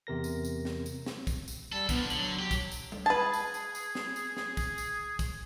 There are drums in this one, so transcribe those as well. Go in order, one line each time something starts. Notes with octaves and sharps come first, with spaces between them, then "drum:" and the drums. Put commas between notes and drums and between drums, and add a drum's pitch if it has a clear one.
E2 C3 A#4 A#6
drum: tambourine
drum: tambourine
drum: snare
drum: tambourine
drum: snare
drum: kick, tambourine
drum: tambourine
G3 A4
D3 F3 B3, drum: kick, tambourine
D3 F#3, drum: tambourine
G4
drum: kick, tambourine
drum: tambourine
drum: tom G3
G#4 B4 A5
drum: tambourine
drum: tambourine
drum: tambourine
drum: snare
drum: tambourine
drum: snare
drum: kick, tambourine
drum: tambourine
drum: kick, tambourine